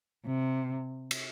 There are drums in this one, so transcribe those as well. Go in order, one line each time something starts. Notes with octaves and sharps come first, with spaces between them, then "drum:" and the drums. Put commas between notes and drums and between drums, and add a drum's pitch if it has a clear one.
C3
drum: cymbal